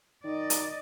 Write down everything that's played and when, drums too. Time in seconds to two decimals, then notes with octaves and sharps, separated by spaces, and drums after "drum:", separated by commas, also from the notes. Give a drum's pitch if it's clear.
0.24 D#3 D5 D#5
0.50 drum: hi-hat